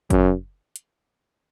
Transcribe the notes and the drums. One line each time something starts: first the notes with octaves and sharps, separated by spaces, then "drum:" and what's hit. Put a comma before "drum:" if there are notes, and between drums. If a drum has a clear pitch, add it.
F#2, drum: kick F#1, hi-hat
drum: hi-hat